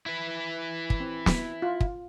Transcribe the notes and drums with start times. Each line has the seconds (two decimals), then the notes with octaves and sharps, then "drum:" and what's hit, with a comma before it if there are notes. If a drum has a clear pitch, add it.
0.06 E4 B4
0.90 drum: kick
1.00 C4
1.26 drum: snare
1.62 F4
1.80 drum: kick